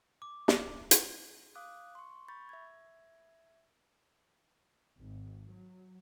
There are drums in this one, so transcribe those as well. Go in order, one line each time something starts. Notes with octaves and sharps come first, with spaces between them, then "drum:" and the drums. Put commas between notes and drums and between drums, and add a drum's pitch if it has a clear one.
D6
drum: snare
drum: hi-hat
F5 D6 D#6 F#6
C6 C#6
B5 C#6 G6 A6
E5 G#6
G#1
F#3